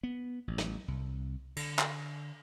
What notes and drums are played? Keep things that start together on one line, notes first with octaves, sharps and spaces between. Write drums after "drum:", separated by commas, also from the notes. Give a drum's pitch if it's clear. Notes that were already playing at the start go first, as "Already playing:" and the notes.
B3
A1
drum: snare
C2
D3, drum: cymbal
drum: clap